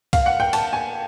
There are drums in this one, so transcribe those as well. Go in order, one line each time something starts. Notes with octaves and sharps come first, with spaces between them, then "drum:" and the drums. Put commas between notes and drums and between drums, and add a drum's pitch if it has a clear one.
F5, drum: kick C2, cymbal
F#5
G5
A5, drum: cymbal
G#5